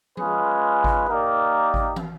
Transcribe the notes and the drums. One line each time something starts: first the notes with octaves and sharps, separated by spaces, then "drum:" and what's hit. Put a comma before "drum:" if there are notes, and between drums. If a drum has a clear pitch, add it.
G#3 C#4 F4 G#4 B4, drum: tom F3
drum: kick G#1
A#3 D#4 G4 A#4 D5
drum: kick G#1
drum: tom